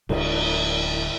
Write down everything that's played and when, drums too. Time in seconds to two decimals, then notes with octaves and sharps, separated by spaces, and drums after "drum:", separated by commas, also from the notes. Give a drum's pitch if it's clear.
0.09 D1 G#2 D3, drum: cymbal